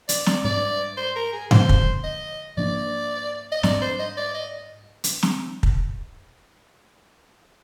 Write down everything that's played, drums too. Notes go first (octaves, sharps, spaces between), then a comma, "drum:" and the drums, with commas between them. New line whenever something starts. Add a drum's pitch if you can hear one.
D5, drum: hi-hat
D5, drum: snare
G#2 G3 D4 D5
C5
A#4
G#4
D3 F3 G#3 C4 C5, drum: tom G2
drum: kick
D#5
G#2 F3 A#3 D4 D5
D#5
G#2 G3 D4 D5, drum: snare
C5
D#5
D5
D#5
drum: hi-hat
drum: snare
drum: kick